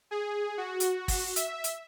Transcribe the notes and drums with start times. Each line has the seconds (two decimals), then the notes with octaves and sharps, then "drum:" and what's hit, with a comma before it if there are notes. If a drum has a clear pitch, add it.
0.11 G#4
0.58 F#4
0.80 drum: hi-hat
1.08 drum: kick, open hi-hat
1.36 E5, drum: hi-hat
1.64 drum: hi-hat